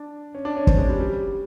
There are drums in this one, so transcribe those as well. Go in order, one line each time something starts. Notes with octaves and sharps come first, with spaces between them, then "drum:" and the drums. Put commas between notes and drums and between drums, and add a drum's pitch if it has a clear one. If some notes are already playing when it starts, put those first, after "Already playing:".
Already playing: D4
C#4
D4
C#4
C4, drum: kick
G#3
G3
G3